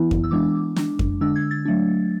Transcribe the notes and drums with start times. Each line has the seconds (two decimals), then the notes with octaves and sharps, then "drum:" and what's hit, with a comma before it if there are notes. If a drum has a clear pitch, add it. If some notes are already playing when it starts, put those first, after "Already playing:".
Already playing: E3 B3 E4
0.11 drum: kick F2
0.24 E6
0.31 E3 G#3 B3 D4 D6
0.76 G#3 D4, drum: snare
0.99 drum: kick F2
1.21 D3 G#3 D4 E6
1.36 G#6
1.51 A6
1.65 F#3 A3 D4